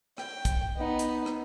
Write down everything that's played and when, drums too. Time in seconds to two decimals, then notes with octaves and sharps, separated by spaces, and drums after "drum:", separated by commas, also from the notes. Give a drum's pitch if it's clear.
0.18 G5, drum: rim click
0.45 drum: kick, hi-hat
0.77 B3 D#4
0.99 drum: hi-hat
1.26 drum: rim click